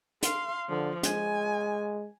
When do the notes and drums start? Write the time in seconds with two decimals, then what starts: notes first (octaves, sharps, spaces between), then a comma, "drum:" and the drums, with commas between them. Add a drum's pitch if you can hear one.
0.23 F5 C6, drum: hi-hat
0.69 D3 F3
1.03 G#3 G#5, drum: hi-hat